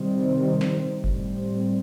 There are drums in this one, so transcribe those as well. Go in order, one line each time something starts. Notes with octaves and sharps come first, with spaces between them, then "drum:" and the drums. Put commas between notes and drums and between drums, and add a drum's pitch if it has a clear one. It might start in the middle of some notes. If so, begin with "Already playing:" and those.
Already playing: C3 D#3 G3 C4
drum: snare
A2 G3 C4, drum: kick F#1